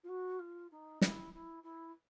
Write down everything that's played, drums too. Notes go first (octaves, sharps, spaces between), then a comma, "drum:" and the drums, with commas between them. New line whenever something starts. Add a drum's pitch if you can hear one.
F4
F#4
F4
D#4
E4, drum: snare
E4
E4